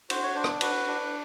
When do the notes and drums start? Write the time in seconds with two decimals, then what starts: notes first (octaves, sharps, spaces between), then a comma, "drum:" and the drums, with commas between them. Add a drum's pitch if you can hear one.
0.10 F#4 C5, drum: cymbal
0.23 C#5
0.35 D4 C5
0.44 drum: rim click
0.61 F#4 B4, drum: cymbal
0.87 D4